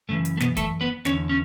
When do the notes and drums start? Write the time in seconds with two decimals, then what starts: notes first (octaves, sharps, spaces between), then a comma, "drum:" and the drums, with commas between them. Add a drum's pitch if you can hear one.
0.09 F#2 C#3 E3 A3
0.25 drum: hi-hat
0.37 A3
0.40 B2 B3, drum: snare
0.57 A3 A4, drum: kick, hi-hat
0.81 B3 B4
1.05 E2 D3 C#4 C#5, drum: snare
1.29 C#4